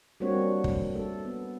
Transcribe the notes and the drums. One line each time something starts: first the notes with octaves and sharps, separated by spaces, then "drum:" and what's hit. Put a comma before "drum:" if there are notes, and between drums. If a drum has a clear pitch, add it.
G3 A#3 C4 D4 F#4 C#5
drum: kick
A3 A4
B3